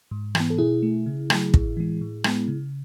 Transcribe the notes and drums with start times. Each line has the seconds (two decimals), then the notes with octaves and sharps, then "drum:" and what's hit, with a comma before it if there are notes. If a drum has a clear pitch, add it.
0.11 G#2
0.35 E3, drum: rim click
0.40 B3
0.50 A4
0.58 B2 E4 G#4
0.83 A3
1.06 C#3
1.30 F#3 A3, drum: rim click
1.54 A2, drum: kick
1.77 E3 G#3
2.01 A2
2.24 G#3 B3, drum: rim click
2.48 C#3